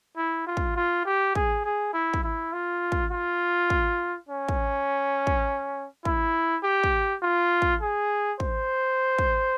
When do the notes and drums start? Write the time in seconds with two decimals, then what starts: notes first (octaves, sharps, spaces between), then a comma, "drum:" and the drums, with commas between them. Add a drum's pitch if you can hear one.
0.17 E4
0.47 F4
0.57 drum: kick
0.77 F4
1.06 G4
1.35 G#4, drum: kick
1.65 G#4
1.93 E4
2.14 drum: kick
2.23 E4
2.53 F4
2.92 drum: kick
3.11 F4
3.70 drum: kick
4.29 C#4
4.48 drum: kick
5.27 drum: kick
6.05 E4, drum: kick
6.64 G4
6.83 drum: kick
7.22 F4
7.62 drum: kick
7.81 G#4
8.40 C5, drum: kick
9.18 drum: kick